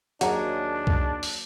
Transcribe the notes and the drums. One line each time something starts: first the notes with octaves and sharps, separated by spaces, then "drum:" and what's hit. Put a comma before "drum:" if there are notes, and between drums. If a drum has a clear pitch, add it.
D#2 F#3 A#3 D4 D#4 G#4 F#5 A#5, drum: hi-hat
drum: kick C2
drum: open hi-hat